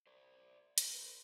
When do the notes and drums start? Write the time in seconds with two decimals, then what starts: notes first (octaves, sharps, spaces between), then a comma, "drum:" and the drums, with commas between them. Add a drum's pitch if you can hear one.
0.07 C5 D5
0.78 B4 C#5, drum: hi-hat
0.95 A#4 C5